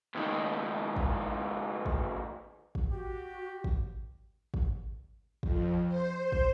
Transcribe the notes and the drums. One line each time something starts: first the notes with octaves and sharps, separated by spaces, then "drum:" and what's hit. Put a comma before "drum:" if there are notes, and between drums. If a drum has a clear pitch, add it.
C#2 D#3
drum: kick
drum: kick
drum: kick
F#4 G4
drum: kick
drum: kick
F2, drum: kick
C5
drum: kick